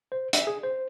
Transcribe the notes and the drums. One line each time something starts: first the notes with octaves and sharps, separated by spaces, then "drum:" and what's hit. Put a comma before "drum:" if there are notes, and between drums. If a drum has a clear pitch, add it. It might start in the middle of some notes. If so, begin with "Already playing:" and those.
C5
E5, drum: hi-hat
G#4
C5